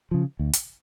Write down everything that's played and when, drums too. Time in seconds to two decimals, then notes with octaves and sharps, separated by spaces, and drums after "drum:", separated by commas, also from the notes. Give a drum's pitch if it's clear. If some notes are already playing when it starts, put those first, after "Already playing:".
0.11 C#3 F3
0.39 D2
0.53 drum: hi-hat